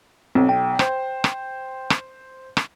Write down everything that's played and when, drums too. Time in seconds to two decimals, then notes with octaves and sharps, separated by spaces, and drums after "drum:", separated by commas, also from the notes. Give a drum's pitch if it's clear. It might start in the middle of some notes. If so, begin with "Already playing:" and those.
0.35 B1 C4
0.49 G5
0.79 C5, drum: rim click
1.24 drum: rim click
1.90 drum: rim click
2.57 drum: rim click